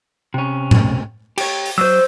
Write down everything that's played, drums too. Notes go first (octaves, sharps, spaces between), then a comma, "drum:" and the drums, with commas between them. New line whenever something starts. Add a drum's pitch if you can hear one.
C3 C#4
drum: tom A2
G4 C#5, drum: cymbal
drum: open hi-hat
F#3 C5 E6